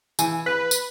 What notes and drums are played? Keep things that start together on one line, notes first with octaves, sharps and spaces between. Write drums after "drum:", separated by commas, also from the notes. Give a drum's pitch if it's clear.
E3 G#5, drum: tambourine
B4 F#6
drum: tambourine